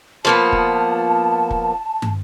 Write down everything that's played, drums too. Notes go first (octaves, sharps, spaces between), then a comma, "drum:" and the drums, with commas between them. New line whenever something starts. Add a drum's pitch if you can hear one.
F3 A#3 B3 A5
drum: kick
drum: kick
drum: tom